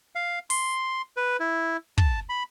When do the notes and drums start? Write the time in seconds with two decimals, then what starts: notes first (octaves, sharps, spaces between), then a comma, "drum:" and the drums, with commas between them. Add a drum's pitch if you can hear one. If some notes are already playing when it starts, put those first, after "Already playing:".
0.15 F5
0.50 C6, drum: open hi-hat
1.17 B4
1.40 E4
1.98 A5, drum: kick
2.29 B5